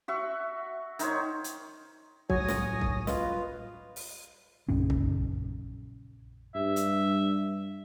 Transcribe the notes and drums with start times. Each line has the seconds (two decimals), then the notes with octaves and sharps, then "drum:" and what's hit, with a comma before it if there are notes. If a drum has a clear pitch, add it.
0.08 F#4 E5 C#6
0.99 D#3 D#4 C5 C#5, drum: hi-hat
1.44 drum: hi-hat
2.30 A2 F#3 C#5 G#5 D#6 A#6, drum: kick C2
2.48 drum: snare
2.81 drum: kick C2
3.07 F4 B4 D#5, drum: snare
3.96 drum: open hi-hat
4.68 A#1 F#2 C#3 C#4
4.90 drum: kick C2
6.55 G2 E5
6.76 drum: hi-hat